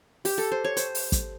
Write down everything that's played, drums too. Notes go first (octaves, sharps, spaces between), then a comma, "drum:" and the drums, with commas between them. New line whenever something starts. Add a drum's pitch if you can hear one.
G4, drum: open hi-hat
A4
C5
C#5
C5, drum: hi-hat
drum: open hi-hat
drum: kick, hi-hat